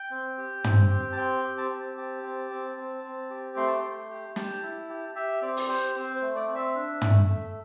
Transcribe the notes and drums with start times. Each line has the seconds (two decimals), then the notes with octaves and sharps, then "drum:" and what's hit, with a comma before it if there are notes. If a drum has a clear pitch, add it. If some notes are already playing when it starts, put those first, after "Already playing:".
Already playing: G5
0.11 C4
0.38 G4
0.64 C4, drum: tom
0.91 G4
1.12 A5
1.17 C4 G5
1.45 G4
1.58 A5
1.71 C4
1.98 G4
2.23 C4
2.50 C4
2.77 C4
3.04 C4
3.30 G4
3.56 A3 C6
3.67 A5
3.78 A3 C6
4.10 G4
4.36 G4 A5, drum: snare
4.63 E4
4.89 G4
5.15 G4 E5
5.42 C4 D5
5.57 drum: open hi-hat
5.68 G4 C5
5.96 C4 C5
6.16 C5
6.22 A3
6.36 D5
6.48 C4
6.55 E5
6.75 D4
7.02 A3, drum: tom
7.28 A3